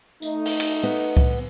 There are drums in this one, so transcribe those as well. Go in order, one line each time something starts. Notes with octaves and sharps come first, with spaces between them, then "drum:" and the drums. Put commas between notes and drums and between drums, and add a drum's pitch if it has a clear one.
A3 D#4, drum: tambourine
drum: open hi-hat
drum: cymbal
B3
drum: kick C2